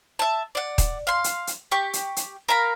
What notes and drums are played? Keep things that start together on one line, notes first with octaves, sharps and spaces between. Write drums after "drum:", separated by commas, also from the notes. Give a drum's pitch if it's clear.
E5 A5
D5 F#5
drum: kick D#1, hi-hat
F5 C6
drum: hi-hat
drum: hi-hat
G4 C#6
drum: hi-hat
drum: hi-hat
A#4 F5 A#5 B5